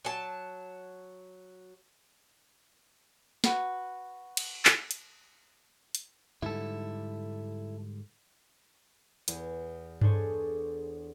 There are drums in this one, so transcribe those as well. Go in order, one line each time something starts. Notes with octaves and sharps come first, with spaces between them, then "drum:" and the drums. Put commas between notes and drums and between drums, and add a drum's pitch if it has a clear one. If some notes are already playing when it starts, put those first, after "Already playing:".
F#3 A5
F#4 B4, drum: snare
drum: cymbal
drum: clap
drum: hi-hat
drum: hi-hat
G#2 D3 G3 E4 A4
E2, drum: hi-hat
D4 G#4 A4 C5 C#5, drum: tom G2